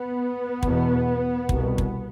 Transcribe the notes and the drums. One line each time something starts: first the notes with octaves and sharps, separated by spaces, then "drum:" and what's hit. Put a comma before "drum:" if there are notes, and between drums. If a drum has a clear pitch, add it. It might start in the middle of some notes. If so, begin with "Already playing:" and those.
Already playing: B3
E2 B2, drum: kick
C2, drum: kick
B2
drum: kick